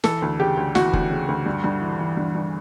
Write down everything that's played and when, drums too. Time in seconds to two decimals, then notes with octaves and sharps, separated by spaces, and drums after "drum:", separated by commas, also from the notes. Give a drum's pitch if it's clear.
0.04 E3 A4, drum: snare
0.22 D2
0.39 C#3 G4
0.57 D2
0.75 E3 F#4, drum: snare
0.93 D2, drum: kick F1
1.11 C#3
1.28 D2
1.46 G2
1.64 G2
1.82 E3
1.99 E3
2.17 G2
2.35 G2